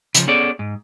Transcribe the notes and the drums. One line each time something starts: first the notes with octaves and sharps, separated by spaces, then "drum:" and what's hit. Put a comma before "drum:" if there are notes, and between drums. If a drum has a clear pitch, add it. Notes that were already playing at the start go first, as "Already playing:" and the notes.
C#3 F3, drum: hi-hat
B3 C#4 G#4 A4 D5
G#2